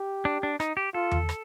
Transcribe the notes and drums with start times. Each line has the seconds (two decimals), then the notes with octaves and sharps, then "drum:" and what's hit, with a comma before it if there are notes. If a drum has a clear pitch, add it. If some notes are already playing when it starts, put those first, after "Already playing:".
Already playing: G4
0.25 D4
0.43 D4
0.60 D#4, drum: rim click
0.77 G4
0.94 F4 A4
1.12 drum: tom E2
1.29 drum: rim click